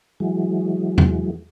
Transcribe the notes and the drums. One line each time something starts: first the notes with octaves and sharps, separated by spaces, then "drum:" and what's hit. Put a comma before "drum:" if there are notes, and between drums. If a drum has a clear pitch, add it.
E3 F#3 G#3
drum: tom E2